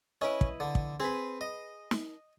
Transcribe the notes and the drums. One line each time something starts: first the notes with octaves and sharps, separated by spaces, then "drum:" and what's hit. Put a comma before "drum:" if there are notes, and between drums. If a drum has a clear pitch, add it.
C#4 E4 B4 D#5
drum: kick
D3
drum: kick
C4 G#4 B4
D#5
drum: snare